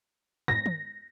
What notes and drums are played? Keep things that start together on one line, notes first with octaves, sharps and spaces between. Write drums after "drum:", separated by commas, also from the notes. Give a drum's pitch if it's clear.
A#6, drum: tom
drum: tom